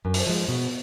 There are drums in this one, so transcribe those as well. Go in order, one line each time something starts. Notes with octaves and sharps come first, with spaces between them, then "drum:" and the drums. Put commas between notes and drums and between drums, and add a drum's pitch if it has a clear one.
F#2
drum: open hi-hat
F3 G#3
B2